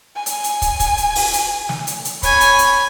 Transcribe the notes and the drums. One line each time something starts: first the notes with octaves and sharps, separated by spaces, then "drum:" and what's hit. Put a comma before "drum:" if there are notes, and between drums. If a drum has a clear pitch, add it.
G#5
drum: hi-hat
drum: hi-hat
drum: kick, hi-hat
drum: kick, hi-hat
drum: hi-hat
drum: open hi-hat
drum: hi-hat
drum: snare
drum: hi-hat
drum: hi-hat
C#5 G#5 B5, drum: kick, hi-hat
drum: hi-hat
drum: hi-hat